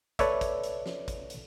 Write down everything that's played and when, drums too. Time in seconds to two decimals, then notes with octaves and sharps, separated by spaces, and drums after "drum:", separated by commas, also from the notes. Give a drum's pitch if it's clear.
0.19 A4 B4 C#5 D5 E5, drum: kick, hi-hat
0.41 drum: kick, hi-hat
0.63 drum: hi-hat
0.86 drum: snare
1.08 drum: kick, hi-hat
1.30 drum: hi-hat